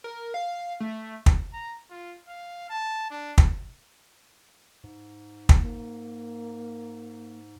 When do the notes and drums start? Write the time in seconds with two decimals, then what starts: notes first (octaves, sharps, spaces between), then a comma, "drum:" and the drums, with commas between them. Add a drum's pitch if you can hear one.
0.04 A#4
0.34 F5
0.80 A3
1.26 drum: kick
1.53 A#5
1.90 F4
2.28 F5
2.70 A5
3.10 D4
3.38 drum: kick
4.84 G#2
5.49 drum: kick
5.59 A#3